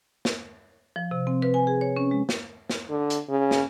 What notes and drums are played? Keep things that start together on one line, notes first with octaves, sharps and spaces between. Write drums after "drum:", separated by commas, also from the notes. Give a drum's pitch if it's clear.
drum: snare
F3
C3
C4
B4
G#5
G#4
C#5
C#4
G#3
drum: snare
drum: snare
D3
drum: hi-hat
C#3
drum: snare